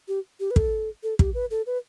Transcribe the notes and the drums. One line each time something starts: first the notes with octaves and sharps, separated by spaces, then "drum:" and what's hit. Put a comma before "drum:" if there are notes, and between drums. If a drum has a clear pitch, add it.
G4
G4
B4
A4, drum: kick
A4
G4, drum: kick
B4
A4
B4